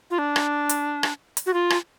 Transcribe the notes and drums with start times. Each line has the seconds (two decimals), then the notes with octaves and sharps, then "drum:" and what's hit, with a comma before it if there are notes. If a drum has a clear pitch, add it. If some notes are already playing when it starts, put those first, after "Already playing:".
0.11 F4
0.18 D4
0.36 drum: rim click
0.69 drum: hi-hat
1.03 drum: rim click
1.37 drum: hi-hat
1.46 F#4
1.54 F4
1.70 drum: rim click